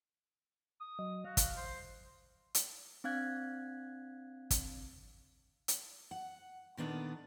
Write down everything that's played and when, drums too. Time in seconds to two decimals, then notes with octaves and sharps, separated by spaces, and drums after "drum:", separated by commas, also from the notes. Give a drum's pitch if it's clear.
0.80 D#6
0.99 F#3 D#5
1.25 F#4 F5
1.37 drum: kick, hi-hat
1.57 C5
2.55 drum: hi-hat
3.04 C4 D4 F5 F#6 G#6
4.51 drum: kick, hi-hat
5.68 drum: hi-hat
6.11 F#5
6.77 A#2 D#3 B3 D4 A4